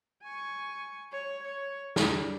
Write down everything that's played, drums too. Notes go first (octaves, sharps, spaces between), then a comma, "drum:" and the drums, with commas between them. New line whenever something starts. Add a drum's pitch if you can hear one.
G#5 C#6
C#5
C#5
G3 D4, drum: snare